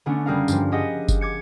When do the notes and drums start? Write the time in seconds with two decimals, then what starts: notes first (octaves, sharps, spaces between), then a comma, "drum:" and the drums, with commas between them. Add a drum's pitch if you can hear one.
0.06 D3 A3 B3 C#4 D4
0.26 F#1 G3 G#4 A#4 F5
0.48 G2 F3, drum: tambourine
0.72 G4 G#4 D#5 F#5
1.08 drum: kick F#1, tambourine
1.21 D6 G#6 C#7